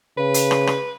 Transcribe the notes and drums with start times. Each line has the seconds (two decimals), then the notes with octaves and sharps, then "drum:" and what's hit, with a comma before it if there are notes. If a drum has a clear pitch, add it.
0.18 C#3 B4
0.34 drum: hi-hat
0.51 drum: rim click
0.67 drum: rim click